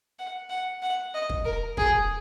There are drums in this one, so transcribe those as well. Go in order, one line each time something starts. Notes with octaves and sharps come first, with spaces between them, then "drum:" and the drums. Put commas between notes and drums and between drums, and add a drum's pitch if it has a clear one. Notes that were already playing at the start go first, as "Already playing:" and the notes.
F#5
F#5
F#5
D#5
drum: kick
A#4
G#4, drum: kick